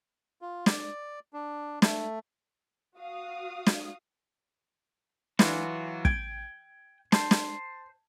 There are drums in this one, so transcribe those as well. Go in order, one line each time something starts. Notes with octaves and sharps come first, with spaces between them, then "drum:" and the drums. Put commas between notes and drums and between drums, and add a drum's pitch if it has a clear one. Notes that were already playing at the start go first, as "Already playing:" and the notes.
F4
D5, drum: snare
D4
A3, drum: snare
F#4 F5 D#6
drum: snare
E3 F#3 F4 F#4, drum: snare
G5 G#6, drum: kick
C5 A5, drum: snare
drum: snare